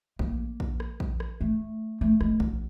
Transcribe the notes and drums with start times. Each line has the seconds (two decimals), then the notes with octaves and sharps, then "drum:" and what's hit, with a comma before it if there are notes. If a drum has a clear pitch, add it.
0.19 A#3, drum: kick
0.60 drum: kick
0.80 drum: rim click
1.00 drum: kick
1.20 drum: rim click
1.41 A3
2.01 A3
2.21 G#3, drum: rim click
2.40 F#3, drum: kick